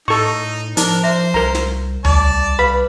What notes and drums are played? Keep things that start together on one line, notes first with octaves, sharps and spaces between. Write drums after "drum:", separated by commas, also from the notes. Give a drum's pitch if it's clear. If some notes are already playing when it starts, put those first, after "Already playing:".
A2 D#4 A4 C#6
F3 D4 D#4 A#4, drum: hi-hat
C5 E5
C2 A#4 A#5
drum: snare
C2 D5 A5, drum: tom D2
B4 F5 B5